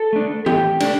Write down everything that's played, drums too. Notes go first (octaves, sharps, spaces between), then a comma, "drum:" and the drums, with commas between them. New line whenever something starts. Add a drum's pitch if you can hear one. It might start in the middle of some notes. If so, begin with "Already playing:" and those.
Already playing: A4
A3 D4
A2 G4, drum: tom E3
A3 D4, drum: cymbal